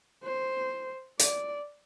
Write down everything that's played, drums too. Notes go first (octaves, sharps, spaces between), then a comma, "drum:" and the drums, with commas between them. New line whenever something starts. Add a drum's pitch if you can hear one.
C5
D5, drum: hi-hat